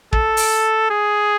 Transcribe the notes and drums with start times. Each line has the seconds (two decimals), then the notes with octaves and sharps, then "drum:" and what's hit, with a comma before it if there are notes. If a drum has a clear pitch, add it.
0.13 A4, drum: kick
0.37 drum: open hi-hat
0.90 G#4